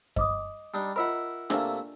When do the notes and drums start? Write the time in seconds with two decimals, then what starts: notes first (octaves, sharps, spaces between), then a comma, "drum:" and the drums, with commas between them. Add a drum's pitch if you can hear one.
0.16 D#5 D6 D#6, drum: kick F#2
0.74 G3 D4 D#4
0.96 F4 A#4 D#5 E5 F#5 B5
1.50 C3 A3 A#3 D4 D5 E5, drum: rim click